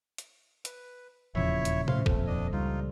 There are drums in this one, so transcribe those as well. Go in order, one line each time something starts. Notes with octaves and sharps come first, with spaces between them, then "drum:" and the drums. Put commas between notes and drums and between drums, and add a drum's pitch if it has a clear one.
drum: hi-hat
B4, drum: hi-hat
D#1 E2 A#2 C#3 F3 E4 C#5 E5
drum: hi-hat
A2 C#3 C5 F5 C6, drum: tom C3
D#1 G#1 F2 A3 A4, drum: kick G#1
D2 D4 D#5
C#2 G3 D#4 F4